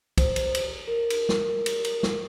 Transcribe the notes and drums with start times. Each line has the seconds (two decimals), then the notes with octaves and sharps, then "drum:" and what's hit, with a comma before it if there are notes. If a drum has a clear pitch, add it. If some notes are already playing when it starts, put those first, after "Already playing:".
0.18 C5, drum: kick, cymbal
0.36 drum: cymbal
0.55 drum: cymbal
0.88 A#4
1.10 drum: cymbal
1.29 drum: snare
1.66 drum: cymbal
1.85 drum: cymbal
2.03 drum: snare